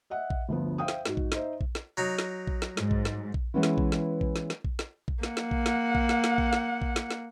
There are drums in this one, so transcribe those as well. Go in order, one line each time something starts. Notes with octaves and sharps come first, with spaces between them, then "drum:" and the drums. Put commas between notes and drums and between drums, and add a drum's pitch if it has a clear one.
D#5 E5 F#5
drum: kick A#1
G1 D2 F3 B3
C5 E5 F5 G5 D#6
drum: snare
G#2 F#4, drum: snare
drum: kick A#1
D#4 C5 E5, drum: snare
drum: kick A#1
drum: snare
F#3 D#4
drum: snare
drum: kick A#1
drum: snare
G#2, drum: snare
drum: kick A#1
drum: snare
drum: kick A#1
E3 G#3 B3 C#4 E4
drum: snare
drum: kick A#1
drum: snare
drum: kick A#1
drum: snare
drum: snare
drum: kick A#1
drum: snare
drum: kick A#1
A#3 F#5, drum: snare
drum: snare
drum: kick A#1
drum: snare
drum: kick A#1
drum: snare
drum: snare
drum: kick A#1
drum: snare
drum: kick A#1
drum: snare
drum: snare